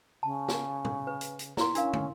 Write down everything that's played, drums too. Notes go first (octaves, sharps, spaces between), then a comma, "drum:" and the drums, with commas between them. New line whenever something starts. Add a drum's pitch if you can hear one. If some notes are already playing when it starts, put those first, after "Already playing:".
C#3 A5
drum: snare
drum: tom
B4
drum: hi-hat
drum: hi-hat
E4 C6, drum: snare
C#4 D4 A#4 F5, drum: hi-hat
drum: tom